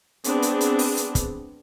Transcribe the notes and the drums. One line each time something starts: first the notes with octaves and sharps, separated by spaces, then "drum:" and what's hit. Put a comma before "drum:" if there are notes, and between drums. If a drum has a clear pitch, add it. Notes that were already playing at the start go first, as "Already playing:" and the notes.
B3 C4 D4 G#4, drum: hi-hat
drum: hi-hat
drum: hi-hat
drum: open hi-hat
drum: hi-hat
drum: kick, hi-hat